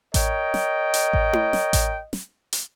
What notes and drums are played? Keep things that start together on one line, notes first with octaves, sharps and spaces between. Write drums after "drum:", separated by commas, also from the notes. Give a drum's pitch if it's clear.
A#4 C#5 D#5 G5, drum: kick A1, hi-hat
drum: snare
drum: hi-hat
drum: kick A1
drum: tom E4
drum: snare
drum: kick A1, hi-hat
drum: snare
drum: hi-hat